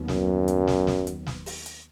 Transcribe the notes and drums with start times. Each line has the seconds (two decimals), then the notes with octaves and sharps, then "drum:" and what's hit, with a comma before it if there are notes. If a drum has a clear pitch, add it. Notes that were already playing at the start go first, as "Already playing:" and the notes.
Already playing: D#2 D#3 F#3 B3
0.08 F#2, drum: snare
0.48 drum: hi-hat
0.67 drum: snare
0.87 drum: snare
1.07 drum: hi-hat
1.27 drum: snare
1.46 drum: open hi-hat
1.66 drum: hi-hat